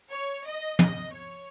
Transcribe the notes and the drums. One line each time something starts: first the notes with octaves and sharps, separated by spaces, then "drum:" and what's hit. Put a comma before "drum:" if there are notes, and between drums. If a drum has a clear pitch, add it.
C#5
D#5
D#5, drum: tom
C#5